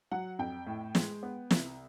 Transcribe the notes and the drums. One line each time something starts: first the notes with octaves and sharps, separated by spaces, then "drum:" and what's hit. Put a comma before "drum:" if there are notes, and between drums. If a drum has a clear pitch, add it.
F#3 F#5
F2 G5
A2
G#3, drum: snare
B3
C2, drum: snare